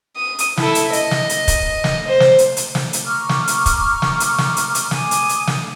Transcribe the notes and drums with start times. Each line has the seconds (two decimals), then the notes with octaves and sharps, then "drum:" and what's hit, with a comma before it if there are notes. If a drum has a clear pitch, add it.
0.16 D#6
0.39 drum: hi-hat
0.57 E4 A4, drum: snare
0.75 drum: hi-hat
0.93 D#5, drum: hi-hat
1.11 drum: snare
1.29 drum: hi-hat
1.48 drum: kick, hi-hat
1.84 drum: snare
2.08 C5
2.20 drum: snare
2.38 drum: hi-hat
2.57 drum: hi-hat
2.75 drum: snare
2.93 drum: hi-hat
3.05 A#5 C#6 D6 F6
3.29 drum: snare
3.48 drum: hi-hat
3.66 drum: kick, hi-hat
4.02 drum: snare
4.20 drum: hi-hat
4.38 drum: snare
4.57 drum: hi-hat
4.75 drum: hi-hat
4.91 G#5 D6 D#6, drum: snare
5.11 drum: hi-hat
5.29 drum: hi-hat
5.47 drum: snare